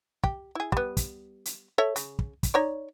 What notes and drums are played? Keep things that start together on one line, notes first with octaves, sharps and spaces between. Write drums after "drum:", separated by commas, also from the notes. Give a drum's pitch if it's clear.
G4, drum: kick
E4 G#4
G3 B3, drum: kick
drum: kick, hi-hat
drum: hi-hat
A4 C#5 E5
C#3, drum: hi-hat
drum: kick
drum: kick, hi-hat
D#4 C#5 D5